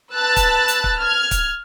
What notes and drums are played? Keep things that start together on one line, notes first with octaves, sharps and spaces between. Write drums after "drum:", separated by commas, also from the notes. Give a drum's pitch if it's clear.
B4 A5 E6 F#6 A6
drum: kick, hi-hat
drum: hi-hat
drum: kick
F6 G#6
drum: kick, hi-hat